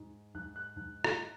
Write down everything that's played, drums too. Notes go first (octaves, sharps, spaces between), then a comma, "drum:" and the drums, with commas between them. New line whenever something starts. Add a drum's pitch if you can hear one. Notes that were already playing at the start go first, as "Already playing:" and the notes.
Already playing: G#2
G#2 F#6
F#6
G#2
drum: rim click